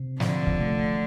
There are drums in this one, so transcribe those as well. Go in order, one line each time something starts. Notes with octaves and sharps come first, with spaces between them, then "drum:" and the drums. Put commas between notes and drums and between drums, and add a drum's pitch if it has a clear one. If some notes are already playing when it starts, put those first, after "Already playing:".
Already playing: C3
D3 F3, drum: snare
drum: kick
A3